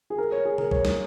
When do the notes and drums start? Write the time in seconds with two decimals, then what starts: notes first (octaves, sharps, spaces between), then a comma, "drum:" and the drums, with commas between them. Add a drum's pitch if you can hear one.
0.10 G#4
0.18 A#4
0.32 C#5
0.45 G#4
0.58 A#4, drum: tom
0.71 C#5, drum: kick
0.85 drum: snare